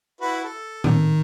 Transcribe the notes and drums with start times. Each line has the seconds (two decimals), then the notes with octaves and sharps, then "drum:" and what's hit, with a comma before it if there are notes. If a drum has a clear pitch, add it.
0.21 E4 F#4 B4
0.44 A4
0.84 D#3, drum: tom A2